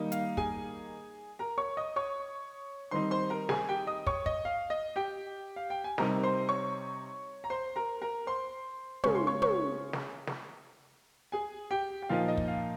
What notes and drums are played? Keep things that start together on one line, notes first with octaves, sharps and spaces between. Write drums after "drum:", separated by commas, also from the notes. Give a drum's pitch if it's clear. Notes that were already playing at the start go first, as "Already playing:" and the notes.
Already playing: D#3 G3 A#3 D#4
F5, drum: hi-hat
G#4 G#5, drum: kick
A#4 A#5
C#5 C#6
D#5 D#6
C#5 C#6
D#3 G3 C4 D#4 C5 C6
C5 C6
A#4 A#5
G#4 G#5, drum: snare
G4 G5
D#5 D#6
C#5 C#6, drum: kick
D#5, drum: kick
F5
D#5
G4 G5
F5
G5
G#5
C3 G3 C4 D#4 A#4 A#5, drum: snare
C5 C6
C#5 C#6
A#5
C5 C6
A#4 A#5
A#4 A#5
C5 C6
C#3 G#3 C#4 C#6, drum: tom
C6
C#5 C#6
C#5 C#6, drum: tom
drum: snare
drum: snare
G#4 G#5
G4 G5
G5
A#2 F3 A#3 D#4 F5
D#5
drum: kick
F5